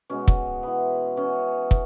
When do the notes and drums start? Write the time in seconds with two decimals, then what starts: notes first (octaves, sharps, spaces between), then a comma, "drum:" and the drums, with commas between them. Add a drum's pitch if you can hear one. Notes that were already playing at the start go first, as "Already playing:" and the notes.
0.10 B2 G#3 B3 C#4
0.28 drum: kick
0.63 E3 B3
1.16 E3 B3 C#4
1.71 drum: kick